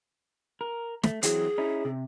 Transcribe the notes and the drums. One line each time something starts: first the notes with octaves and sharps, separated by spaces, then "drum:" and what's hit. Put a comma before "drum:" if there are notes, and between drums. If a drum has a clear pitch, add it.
A#4
A3, drum: snare
E3 F#3 C4 G#4, drum: hi-hat
C#4 D#4 E4
C3